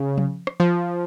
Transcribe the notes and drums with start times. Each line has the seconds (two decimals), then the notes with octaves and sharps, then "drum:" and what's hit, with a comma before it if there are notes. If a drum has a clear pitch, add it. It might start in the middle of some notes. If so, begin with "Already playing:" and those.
Already playing: C#3
0.18 drum: tom F3
0.47 drum: rim click
0.60 F3